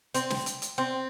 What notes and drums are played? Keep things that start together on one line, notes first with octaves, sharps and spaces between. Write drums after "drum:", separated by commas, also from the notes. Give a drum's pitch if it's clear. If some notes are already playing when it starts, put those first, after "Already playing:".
C4, drum: hi-hat
drum: snare
drum: hi-hat
drum: hi-hat
C4